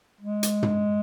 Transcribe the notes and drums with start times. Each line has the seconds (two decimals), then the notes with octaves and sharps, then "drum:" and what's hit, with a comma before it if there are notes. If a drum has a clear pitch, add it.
0.21 G#3
0.43 drum: hi-hat
0.63 drum: tom